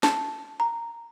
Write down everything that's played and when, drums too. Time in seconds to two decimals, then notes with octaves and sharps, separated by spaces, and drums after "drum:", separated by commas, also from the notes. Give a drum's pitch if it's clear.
0.03 A5, drum: snare
0.60 A#5